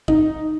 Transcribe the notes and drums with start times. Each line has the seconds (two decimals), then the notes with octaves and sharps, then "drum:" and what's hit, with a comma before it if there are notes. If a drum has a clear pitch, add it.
0.08 D#4, drum: kick